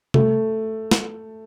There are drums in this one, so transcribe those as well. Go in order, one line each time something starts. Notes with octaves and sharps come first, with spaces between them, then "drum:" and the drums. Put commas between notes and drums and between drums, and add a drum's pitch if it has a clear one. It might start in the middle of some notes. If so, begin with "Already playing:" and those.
A3, drum: tom C3
drum: snare